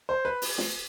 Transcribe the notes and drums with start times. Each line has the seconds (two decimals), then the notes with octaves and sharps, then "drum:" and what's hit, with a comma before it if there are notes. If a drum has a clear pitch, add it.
0.09 C5
0.25 B4
0.42 drum: open hi-hat
0.58 drum: snare